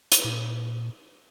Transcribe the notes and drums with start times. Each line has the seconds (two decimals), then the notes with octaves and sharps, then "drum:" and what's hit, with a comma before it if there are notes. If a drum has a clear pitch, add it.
0.12 drum: hi-hat
0.24 A#2